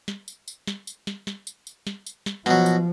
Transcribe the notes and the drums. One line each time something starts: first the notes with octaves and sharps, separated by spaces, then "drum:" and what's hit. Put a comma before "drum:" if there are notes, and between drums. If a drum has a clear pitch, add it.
drum: snare
drum: tambourine
drum: tambourine
drum: snare
drum: tambourine
drum: snare
drum: snare
drum: tambourine
drum: tambourine
drum: snare
drum: tambourine
drum: snare
B2 F3 F#3, drum: snare
drum: tambourine